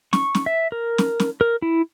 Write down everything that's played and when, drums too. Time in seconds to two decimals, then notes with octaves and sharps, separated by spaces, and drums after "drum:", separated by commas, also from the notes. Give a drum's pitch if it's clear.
0.13 C#6, drum: snare
0.35 drum: snare
0.46 E5
0.72 A#4
0.98 drum: snare
1.20 drum: snare
1.41 A#4
1.62 E4